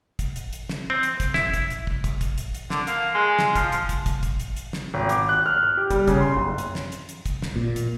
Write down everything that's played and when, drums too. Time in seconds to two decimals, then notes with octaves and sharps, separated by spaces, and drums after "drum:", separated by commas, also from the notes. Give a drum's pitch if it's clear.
0.19 drum: kick, hi-hat
0.36 drum: hi-hat
0.53 drum: hi-hat
0.69 drum: snare
0.90 C4
1.03 drum: hi-hat
1.20 drum: kick, hi-hat
1.34 E4, drum: snare
1.54 drum: kick, hi-hat
1.70 drum: hi-hat
1.87 drum: kick
2.04 drum: kick, hi-hat
2.21 drum: kick, hi-hat
2.38 drum: hi-hat
2.55 drum: hi-hat
2.70 D3, drum: snare
2.87 A#3, drum: hi-hat
3.15 G#3
3.39 drum: snare
3.55 F3, drum: kick, hi-hat
3.72 drum: hi-hat
3.89 drum: kick, hi-hat
4.06 drum: kick, hi-hat
4.23 drum: kick, hi-hat
4.40 drum: hi-hat
4.56 drum: hi-hat
4.73 drum: snare
4.94 G#1
5.09 D6, drum: hi-hat
5.29 F#6
5.46 F6
5.63 F6
5.77 G4
5.90 G3, drum: kick, hi-hat
6.08 C#3, drum: kick, hi-hat
6.21 C6
6.37 F#1
6.58 drum: hi-hat
6.75 drum: snare
6.92 drum: hi-hat
7.09 drum: hi-hat
7.26 drum: kick, hi-hat
7.42 drum: snare
7.56 A#2
7.76 drum: hi-hat